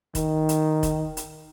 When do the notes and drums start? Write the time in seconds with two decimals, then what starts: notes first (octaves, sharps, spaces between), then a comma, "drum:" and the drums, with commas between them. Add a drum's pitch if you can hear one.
0.15 D#3, drum: kick, hi-hat
0.49 drum: hi-hat
0.83 drum: kick, hi-hat
1.17 drum: hi-hat